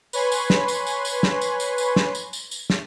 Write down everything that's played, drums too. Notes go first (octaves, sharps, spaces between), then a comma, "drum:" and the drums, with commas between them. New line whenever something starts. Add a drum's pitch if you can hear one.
B4 C#5 G#5 B5 C6, drum: tambourine
drum: tambourine
drum: snare
drum: tambourine
drum: tambourine
drum: tambourine
drum: snare
drum: tambourine
drum: tambourine
drum: tambourine
drum: snare
drum: tambourine
drum: tambourine
drum: tambourine
drum: snare